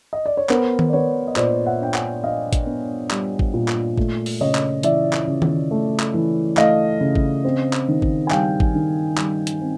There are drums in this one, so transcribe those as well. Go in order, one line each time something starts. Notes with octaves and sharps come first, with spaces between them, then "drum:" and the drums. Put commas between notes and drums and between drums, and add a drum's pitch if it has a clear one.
D#5
D5
C#5
B3 A#4 C5, drum: clap
drum: tom D#3
D5
B3 B4 C#5
D#5
A#2 C5 D5, drum: clap
E5 F#5
D4 G5
F#5 G#5, drum: clap
D4 D#5 F5
drum: kick G#1, hi-hat
B3
G3, drum: clap
drum: kick G#1
A#2
drum: clap
A3, drum: kick G#1
drum: open hi-hat
C#3 C#5 D#5
drum: clap
E3 D5 E5, drum: hi-hat
drum: clap
C#3
drum: tom D#3
A3
drum: clap
E3
A3 D#5 F5, drum: clap
C#3
drum: kick G#1
C4
drum: clap
D#3
drum: kick G#1
G#5
G3 F5 G5, drum: clap
drum: kick G#1
D#3
G3, drum: clap
drum: hi-hat
C4